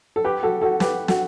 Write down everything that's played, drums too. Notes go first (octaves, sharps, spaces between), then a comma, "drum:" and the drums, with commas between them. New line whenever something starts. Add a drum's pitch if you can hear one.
A4
G4 B4
F#4 A4
F#4 A4
G4 B4, drum: snare
F#4 A4, drum: snare